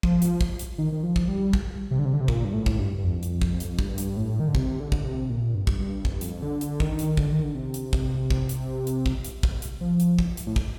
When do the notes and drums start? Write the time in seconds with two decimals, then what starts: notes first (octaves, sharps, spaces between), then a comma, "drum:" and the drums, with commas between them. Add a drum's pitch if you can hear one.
0.03 F3, drum: kick
0.22 drum: hi-hat
0.41 drum: kick
0.59 drum: hi-hat
0.78 D#3
0.93 D#3
1.03 F3
1.16 drum: kick
1.28 G3
1.53 drum: kick
1.91 C3
1.99 D3
2.05 C3
2.13 D3
2.21 C3
2.28 A#2, drum: kick
2.45 G2
2.53 A2
2.66 drum: kick
2.79 G2
2.98 G2
3.04 F2
3.23 drum: hi-hat
3.42 drum: kick
3.60 drum: hi-hat
3.79 G2, drum: kick
3.98 drum: hi-hat
4.17 A2
4.40 D#3
4.47 D3
4.55 C3, drum: kick
4.80 D3
4.92 drum: kick
5.04 C3
5.30 A#2
5.55 G2
5.67 drum: kick
5.80 G2
6.05 F2, drum: kick
6.13 G2
6.21 F2, drum: hi-hat
6.42 D3
6.61 drum: hi-hat
6.80 D#3, drum: kick
6.99 drum: hi-hat
7.17 D3, drum: kick
7.32 D#3
7.43 D3
7.55 C3
7.74 drum: hi-hat
7.93 drum: kick
8.30 drum: kick
8.49 drum: hi-hat
8.87 drum: hi-hat
9.06 drum: kick
9.25 drum: hi-hat
9.43 drum: kick
9.62 drum: hi-hat
9.81 F3
10.00 drum: hi-hat
10.19 drum: kick
10.37 drum: hi-hat
10.47 A2
10.56 drum: kick